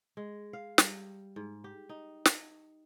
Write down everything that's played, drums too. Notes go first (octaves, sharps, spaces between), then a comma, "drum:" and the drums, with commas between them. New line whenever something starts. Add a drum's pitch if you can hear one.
G#3
F5
G3, drum: snare
G#2
G4
D#4
drum: snare